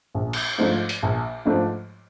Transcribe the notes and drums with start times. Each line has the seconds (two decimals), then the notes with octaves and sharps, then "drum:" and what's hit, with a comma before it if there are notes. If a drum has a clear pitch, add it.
0.14 A#1
0.33 drum: cymbal
0.58 G#2 F3 A3 D4
0.89 drum: hi-hat
1.03 A#1
1.45 G#2 F3 A3 D4